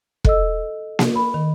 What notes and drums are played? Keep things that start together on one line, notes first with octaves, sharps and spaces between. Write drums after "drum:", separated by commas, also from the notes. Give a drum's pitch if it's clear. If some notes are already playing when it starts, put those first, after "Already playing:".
A4 D#5 E6, drum: kick
drum: snare A#3
B5
D#3